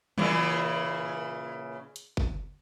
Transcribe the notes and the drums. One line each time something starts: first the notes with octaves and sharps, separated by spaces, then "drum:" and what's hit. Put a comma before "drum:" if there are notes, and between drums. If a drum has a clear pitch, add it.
A#2 C#3 E3, drum: tom F#3
drum: hi-hat
drum: kick G1